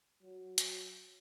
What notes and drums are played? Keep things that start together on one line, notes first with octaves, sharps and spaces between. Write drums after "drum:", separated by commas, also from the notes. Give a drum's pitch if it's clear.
F#3
drum: hi-hat